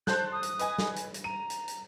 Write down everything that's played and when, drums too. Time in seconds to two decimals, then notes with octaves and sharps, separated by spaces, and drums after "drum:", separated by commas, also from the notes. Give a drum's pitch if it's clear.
0.07 C5 A5 F#6 G6, drum: snare
0.32 D#6
0.43 drum: hi-hat
0.59 B4 D#5 G#5, drum: hi-hat
0.78 drum: snare
0.96 drum: hi-hat
1.14 drum: hi-hat
1.24 A#5 D#7
1.50 drum: hi-hat
1.68 drum: hi-hat